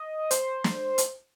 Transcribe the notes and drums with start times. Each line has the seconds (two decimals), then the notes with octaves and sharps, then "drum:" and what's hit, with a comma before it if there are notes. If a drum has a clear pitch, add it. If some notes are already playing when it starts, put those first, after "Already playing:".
Already playing: D#5
0.31 C5, drum: hi-hat
0.64 drum: snare
0.98 drum: hi-hat